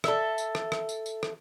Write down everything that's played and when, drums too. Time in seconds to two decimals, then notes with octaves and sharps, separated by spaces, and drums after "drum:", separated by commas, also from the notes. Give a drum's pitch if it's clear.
0.04 A4 E5, drum: rim click
0.38 drum: tambourine
0.55 drum: rim click
0.72 drum: rim click
0.89 drum: tambourine
1.06 drum: tambourine
1.23 drum: rim click